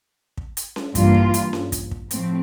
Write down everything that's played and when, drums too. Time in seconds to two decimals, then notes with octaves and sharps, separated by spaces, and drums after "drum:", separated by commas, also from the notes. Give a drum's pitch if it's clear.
0.38 drum: kick
0.57 drum: hi-hat
0.76 drum: snare C#4
0.95 G2 E3 A#3 F4, drum: kick, hi-hat
1.14 drum: kick
1.34 drum: hi-hat
1.53 drum: snare C#4
1.72 drum: kick, hi-hat
1.91 drum: kick
2.11 A2 F3 A3 C4, drum: hi-hat